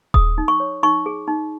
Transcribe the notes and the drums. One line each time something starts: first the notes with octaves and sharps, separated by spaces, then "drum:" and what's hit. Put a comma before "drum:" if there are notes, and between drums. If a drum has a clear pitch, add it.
G#4 D#6, drum: kick D#1
D#4
C#6
C#5
D#4 C#6
G#4
D#4